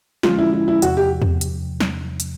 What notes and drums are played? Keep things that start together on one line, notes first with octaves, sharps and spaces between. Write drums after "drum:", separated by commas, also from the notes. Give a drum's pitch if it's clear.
D3 F3 G#3 C#4 F4, drum: snare
E4
E4
E4
E2 C3 F3 F#4, drum: hi-hat
G4
drum: tom E2
drum: hi-hat
drum: snare
drum: hi-hat